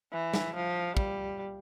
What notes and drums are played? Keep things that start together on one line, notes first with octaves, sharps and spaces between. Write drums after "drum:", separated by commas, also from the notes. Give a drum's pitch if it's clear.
E3
drum: snare
F3
G3, drum: kick